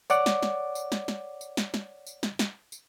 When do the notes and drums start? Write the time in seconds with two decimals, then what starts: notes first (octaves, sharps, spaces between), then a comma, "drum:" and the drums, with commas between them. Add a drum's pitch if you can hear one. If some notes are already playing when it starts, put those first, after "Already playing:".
0.10 C#5 D5 F#5 D6, drum: tambourine
0.26 drum: snare
0.43 drum: snare
0.75 drum: tambourine
0.92 drum: snare
1.08 drum: snare
1.41 drum: tambourine
1.57 drum: snare
1.74 drum: snare
2.07 drum: tambourine
2.23 drum: snare
2.39 drum: snare
2.72 drum: tambourine